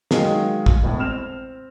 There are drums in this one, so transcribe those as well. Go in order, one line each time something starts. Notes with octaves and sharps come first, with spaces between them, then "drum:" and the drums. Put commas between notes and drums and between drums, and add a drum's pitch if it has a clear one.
D#3 F#3 G#3 A#3, drum: snare
drum: kick
E1 A2
C4 F6 E7 F7